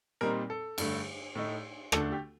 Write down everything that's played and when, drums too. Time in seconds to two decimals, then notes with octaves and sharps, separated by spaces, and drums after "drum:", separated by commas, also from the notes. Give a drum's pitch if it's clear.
0.21 A#2 G3 C4 D#4 A#4
0.50 A4
0.78 G2 D3 A3, drum: cymbal
1.35 A2 A3 D#4
1.92 D2 D3 A3 D4 A4, drum: rim click
2.12 G4